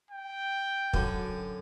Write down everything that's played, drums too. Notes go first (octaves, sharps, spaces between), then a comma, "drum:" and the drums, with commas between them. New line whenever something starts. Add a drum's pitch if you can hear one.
G5
F#2 D3, drum: kick